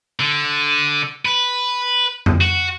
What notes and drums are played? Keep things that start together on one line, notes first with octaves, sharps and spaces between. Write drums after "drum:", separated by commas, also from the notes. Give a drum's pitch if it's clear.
D3
B4
drum: tom F2
F#4